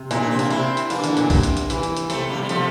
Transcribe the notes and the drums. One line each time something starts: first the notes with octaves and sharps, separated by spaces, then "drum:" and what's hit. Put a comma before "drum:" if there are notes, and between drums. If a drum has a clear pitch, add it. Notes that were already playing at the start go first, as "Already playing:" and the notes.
Already playing: C3
A#2 E4, drum: hi-hat
D4
C3 C4
A#3 D4, drum: hi-hat
C3 C4 E4, drum: hi-hat
drum: hi-hat
E3 A#3 D4, drum: hi-hat
D3, drum: hi-hat
A#2, drum: hi-hat
C3, drum: kick A#1, open hi-hat
drum: hi-hat
drum: hi-hat
E3, drum: hi-hat
drum: hi-hat
drum: hi-hat
C3 A3 C4, drum: hi-hat
C3 G3 A#3
G3
C3 F3 A3, drum: hi-hat